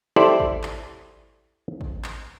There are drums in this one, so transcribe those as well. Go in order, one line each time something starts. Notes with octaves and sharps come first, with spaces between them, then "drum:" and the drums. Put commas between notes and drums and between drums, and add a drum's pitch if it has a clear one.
E4 G4 A4 C5 D5
drum: kick
drum: clap
drum: kick
drum: clap